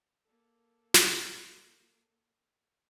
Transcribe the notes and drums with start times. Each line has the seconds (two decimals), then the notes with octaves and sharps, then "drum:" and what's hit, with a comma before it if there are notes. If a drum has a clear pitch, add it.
0.24 A#3 A4
0.94 drum: snare